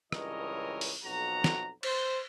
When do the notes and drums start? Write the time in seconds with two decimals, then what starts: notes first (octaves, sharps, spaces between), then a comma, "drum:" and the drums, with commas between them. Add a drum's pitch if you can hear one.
0.12 C#2 G2 E3 A#4 C#5 D#5, drum: rim click
0.81 drum: open hi-hat
1.04 B1 F2 F#4 A#5
1.44 drum: snare
1.83 C5, drum: cymbal